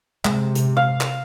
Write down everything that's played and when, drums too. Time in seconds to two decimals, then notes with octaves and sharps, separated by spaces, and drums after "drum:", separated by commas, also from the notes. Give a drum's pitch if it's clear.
0.25 C3 G#3, drum: clap
0.55 drum: hi-hat
0.77 F5
1.01 drum: clap